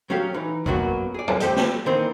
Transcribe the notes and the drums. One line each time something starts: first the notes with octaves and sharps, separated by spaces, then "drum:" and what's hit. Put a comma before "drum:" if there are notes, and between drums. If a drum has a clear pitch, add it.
F#3 C#4 G4 A4 F5
E3 D#4
F#2 B2 F#3 A#3 F#4, drum: kick G#1
G#4 D5
drum: tom
G3 A3 C4 G4 A4 D#5, drum: hi-hat
drum: snare
D#3 E3 A#3 C4 D#4